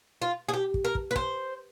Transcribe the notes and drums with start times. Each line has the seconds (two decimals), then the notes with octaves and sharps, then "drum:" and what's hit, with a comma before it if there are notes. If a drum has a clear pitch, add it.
0.22 F4
0.49 G#4
0.54 G4
0.74 drum: kick
0.84 A#4
0.95 drum: kick
1.11 B4
1.16 C5, drum: kick